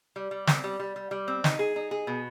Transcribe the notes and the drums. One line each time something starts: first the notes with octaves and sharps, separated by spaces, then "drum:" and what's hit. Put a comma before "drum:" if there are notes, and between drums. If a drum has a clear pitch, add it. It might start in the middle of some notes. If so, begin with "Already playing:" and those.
G3
G3
C4, drum: snare
G3
G3
G3
G3
C4
D#4, drum: snare
G#4
D#4
G#4
B2